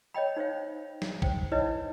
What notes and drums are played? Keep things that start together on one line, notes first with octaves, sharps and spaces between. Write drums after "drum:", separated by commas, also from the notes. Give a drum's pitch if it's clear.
C#5 D#5 G5 B5
D#4 C5 C#5 F5
drum: snare
C5 G5, drum: kick
D#4 E4 B4 C#5 D#5